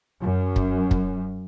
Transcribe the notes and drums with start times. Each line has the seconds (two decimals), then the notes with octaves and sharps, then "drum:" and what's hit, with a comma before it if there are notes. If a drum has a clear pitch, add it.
0.21 F#2
0.56 drum: kick
0.91 drum: kick